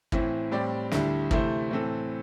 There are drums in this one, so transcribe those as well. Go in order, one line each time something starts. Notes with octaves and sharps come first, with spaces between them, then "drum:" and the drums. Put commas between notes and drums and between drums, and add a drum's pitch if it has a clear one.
A2 E3 C4 E4, drum: kick
A2 G3 C4 G4 D5
D2 D3 G3 E4, drum: snare
C3 E3 A3 E4 C5, drum: kick
A2 E3 C4 A4